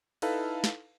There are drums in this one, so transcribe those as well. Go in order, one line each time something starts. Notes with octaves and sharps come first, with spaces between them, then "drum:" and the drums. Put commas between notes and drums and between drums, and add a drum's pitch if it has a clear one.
D#4 E4 A4 B4 F5 A5, drum: cymbal
drum: snare